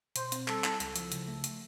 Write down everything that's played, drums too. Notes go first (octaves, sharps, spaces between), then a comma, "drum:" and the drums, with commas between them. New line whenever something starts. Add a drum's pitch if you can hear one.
B2 C5, drum: hi-hat
C4, drum: hi-hat
G3 A4, drum: clap
E4, drum: clap
C#2, drum: hi-hat
F3, drum: hi-hat
C#3, drum: hi-hat
A3
drum: hi-hat